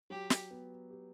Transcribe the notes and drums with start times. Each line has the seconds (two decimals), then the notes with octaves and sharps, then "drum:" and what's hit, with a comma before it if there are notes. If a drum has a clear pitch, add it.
0.10 F#3 G4
0.30 drum: snare
0.51 B3
0.90 G4